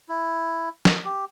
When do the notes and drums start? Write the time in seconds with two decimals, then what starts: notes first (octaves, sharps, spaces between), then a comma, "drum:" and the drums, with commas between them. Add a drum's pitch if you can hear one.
0.09 E4
0.85 drum: snare
1.05 G4